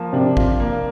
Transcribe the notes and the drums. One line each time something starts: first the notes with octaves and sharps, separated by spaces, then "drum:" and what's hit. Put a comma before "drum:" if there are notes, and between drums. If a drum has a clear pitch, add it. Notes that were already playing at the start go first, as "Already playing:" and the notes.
Already playing: F3 A#3
C3 D4
F4, drum: kick
A#3